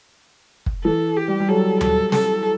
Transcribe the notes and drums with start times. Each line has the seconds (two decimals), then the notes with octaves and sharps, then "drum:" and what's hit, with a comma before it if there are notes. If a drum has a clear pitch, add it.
0.66 drum: kick
0.84 E3 A4
1.17 G4
1.28 G3
1.40 G3
1.49 F#3 A4
1.81 A4, drum: tom D2
2.12 A4, drum: snare